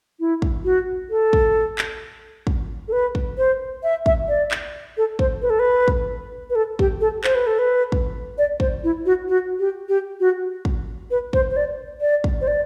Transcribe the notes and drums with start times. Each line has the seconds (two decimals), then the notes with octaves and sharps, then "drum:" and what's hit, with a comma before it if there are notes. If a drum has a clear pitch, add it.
0.20 E4
0.42 drum: kick
0.65 F#4
1.10 A4
1.33 drum: kick
1.78 drum: clap
2.47 drum: kick
2.88 A4
2.92 B4
3.15 drum: kick
3.38 C5
3.83 E5
4.06 E5, drum: kick
4.28 D5
4.51 drum: clap
4.97 A4
5.19 C5, drum: kick
5.42 B4
5.50 A4
5.59 B4
5.88 drum: kick
6.50 B4
6.55 A4
6.79 G4, drum: kick
7.01 A4
7.24 C5, drum: clap
7.35 B4
7.47 A4
7.59 B4
7.92 drum: kick
8.38 D5
8.60 C5, drum: kick
8.84 E4
9.06 F#4
9.28 F#4
9.59 G4
9.89 G4
10.20 F#4
10.65 drum: kick
11.11 B4
11.33 C5, drum: kick
11.50 C5
11.57 D5
12.01 D5
12.24 drum: kick
12.41 C5
12.47 D5